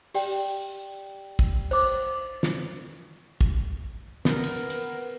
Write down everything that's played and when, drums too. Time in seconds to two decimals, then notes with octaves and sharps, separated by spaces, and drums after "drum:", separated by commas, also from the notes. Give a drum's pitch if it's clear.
0.15 G4 D5 G5, drum: open hi-hat
1.39 drum: kick
1.71 C5 D6, drum: cymbal
2.43 drum: snare
3.41 drum: kick
4.25 B3 A#4, drum: snare
4.44 drum: cymbal
4.70 drum: hi-hat